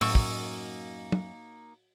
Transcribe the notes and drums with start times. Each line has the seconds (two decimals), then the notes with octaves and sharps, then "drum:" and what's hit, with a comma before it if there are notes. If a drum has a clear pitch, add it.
0.01 F#2 A2 A#3 D#4 C#6 E6, drum: open hi-hat
0.15 drum: kick
1.12 drum: tom